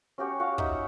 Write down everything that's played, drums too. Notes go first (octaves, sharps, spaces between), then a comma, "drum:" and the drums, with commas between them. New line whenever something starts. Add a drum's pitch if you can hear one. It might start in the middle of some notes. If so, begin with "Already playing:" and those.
C#4 F#4 G4 C#5
F#4 C#5 F5 F#5
D#4 E5, drum: kick